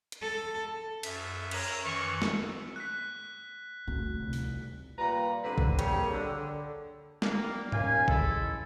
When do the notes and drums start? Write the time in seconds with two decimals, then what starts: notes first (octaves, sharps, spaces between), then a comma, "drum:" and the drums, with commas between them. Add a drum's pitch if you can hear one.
0.12 drum: hi-hat
0.22 A4
1.03 F#2 E5, drum: cymbal
1.51 A#4 C#5, drum: cymbal
1.83 F#2 D#3 E3 C#6
2.22 drum: snare
2.76 F#6 B6
3.88 D2
4.18 F1 C2
4.33 drum: open hi-hat
4.99 A#2 G3 F4 B4 A#5
5.44 D3 A3 B3 C4 B4 C5
5.58 drum: kick A1
5.79 G3 A#3 G4 G#4 A#4 C#5, drum: hi-hat
6.12 D3
7.22 G3 A#3, drum: snare
7.72 D#2 C#4 F5 G#5, drum: tom G#2
8.08 G#3 E4 A4, drum: kick A1